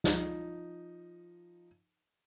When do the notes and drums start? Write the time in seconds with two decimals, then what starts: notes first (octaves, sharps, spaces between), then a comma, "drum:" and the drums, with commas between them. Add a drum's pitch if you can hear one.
0.04 F3 D#4, drum: snare